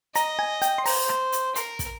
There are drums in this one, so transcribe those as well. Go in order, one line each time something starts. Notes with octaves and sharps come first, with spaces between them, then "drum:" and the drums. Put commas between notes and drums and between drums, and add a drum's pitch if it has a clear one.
D#5 A#5, drum: hi-hat
G#5
G5, drum: hi-hat
C6
C5 A#5, drum: open hi-hat
drum: rim click
drum: hi-hat
A#4 C6, drum: hi-hat
drum: kick, hi-hat